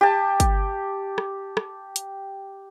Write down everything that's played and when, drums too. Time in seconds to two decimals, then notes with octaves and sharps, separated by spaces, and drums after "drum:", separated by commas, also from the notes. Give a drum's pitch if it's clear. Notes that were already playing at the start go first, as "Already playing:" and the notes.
0.01 G4 A5
0.40 drum: kick, hi-hat
1.18 drum: rim click
1.57 drum: rim click
1.96 drum: hi-hat